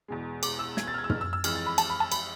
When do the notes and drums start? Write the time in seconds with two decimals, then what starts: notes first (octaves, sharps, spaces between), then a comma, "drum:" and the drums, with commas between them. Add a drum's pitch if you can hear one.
0.08 E2 B2 G#3
0.43 D6, drum: cymbal
0.59 E6
0.77 G#6, drum: snare
0.88 A6
0.94 F6
0.98 G#6
1.04 E6
1.10 F6, drum: tom
1.21 E6
1.33 E6
1.44 F2 E3 G#3 F6, drum: cymbal
1.55 A6
1.66 B5
1.78 A5, drum: cymbal
1.90 B5
2.00 A5
2.12 B5, drum: cymbal